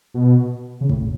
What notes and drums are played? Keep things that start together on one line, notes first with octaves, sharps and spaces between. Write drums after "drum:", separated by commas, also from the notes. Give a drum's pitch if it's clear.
B2
C#3
A2, drum: kick A1